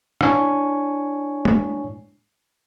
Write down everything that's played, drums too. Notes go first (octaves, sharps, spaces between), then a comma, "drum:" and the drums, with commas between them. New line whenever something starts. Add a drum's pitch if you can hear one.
D4 E4 C#5 G#5 C#6, drum: rim click
drum: tom G#3